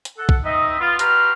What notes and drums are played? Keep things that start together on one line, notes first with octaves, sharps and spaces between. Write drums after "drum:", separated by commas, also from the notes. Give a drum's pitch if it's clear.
drum: hi-hat
A4 F#5
drum: kick
C4 D#4 D#5 E5
B3 F4
F#4 G4 B4 A#5 C6 F6, drum: hi-hat